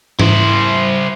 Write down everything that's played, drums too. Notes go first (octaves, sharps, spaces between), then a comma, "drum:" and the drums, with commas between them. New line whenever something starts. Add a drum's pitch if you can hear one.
E4 C5, drum: tom G#2